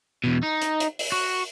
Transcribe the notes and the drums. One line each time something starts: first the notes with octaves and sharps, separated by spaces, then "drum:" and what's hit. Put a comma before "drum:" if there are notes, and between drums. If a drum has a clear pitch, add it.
E2 B2
D#4
drum: hi-hat
drum: hi-hat
drum: open hi-hat
F#4